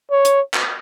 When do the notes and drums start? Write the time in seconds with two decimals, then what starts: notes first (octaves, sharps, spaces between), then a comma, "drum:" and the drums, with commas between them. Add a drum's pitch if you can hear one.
0.11 C#5
0.25 drum: hi-hat
0.54 drum: clap